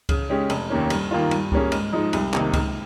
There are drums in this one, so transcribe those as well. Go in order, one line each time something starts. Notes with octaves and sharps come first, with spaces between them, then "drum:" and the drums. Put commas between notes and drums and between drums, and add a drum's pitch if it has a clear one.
C#3, drum: kick C#2, cymbal
G#3 C#4 G4
F1, drum: cymbal
D#2 D#3 A#3 C#4
G2, drum: cymbal
D#3 A#3 F4
G2, drum: cymbal
G3 A#3 C#4 G#4, drum: kick C#2
G#2, drum: cymbal
F3 G#3 D#4
C2, drum: cymbal
C3 D#3 A#3 D#4, drum: clap
C#2, drum: kick C#2, cymbal